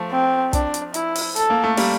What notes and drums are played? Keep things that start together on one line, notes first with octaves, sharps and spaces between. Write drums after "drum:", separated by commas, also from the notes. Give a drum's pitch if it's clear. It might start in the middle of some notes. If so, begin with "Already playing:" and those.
Already playing: F3 A3
C4
D4, drum: kick, hi-hat
drum: hi-hat
E4, drum: hi-hat
drum: open hi-hat
A4, drum: hi-hat
A#3
A3
G3 A#3, drum: open hi-hat